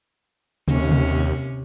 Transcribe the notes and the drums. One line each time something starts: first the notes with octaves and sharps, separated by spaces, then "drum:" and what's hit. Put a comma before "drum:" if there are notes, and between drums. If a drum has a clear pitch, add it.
D#2 C3 C#4, drum: tom C3
drum: tom C3